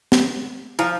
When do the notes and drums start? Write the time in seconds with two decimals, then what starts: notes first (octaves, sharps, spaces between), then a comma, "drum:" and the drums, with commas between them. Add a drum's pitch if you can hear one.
0.12 drum: snare
0.79 F3 E4